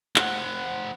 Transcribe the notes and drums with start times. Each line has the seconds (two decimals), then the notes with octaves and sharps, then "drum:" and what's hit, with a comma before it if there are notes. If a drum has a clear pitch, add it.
0.16 C4 F#5, drum: clap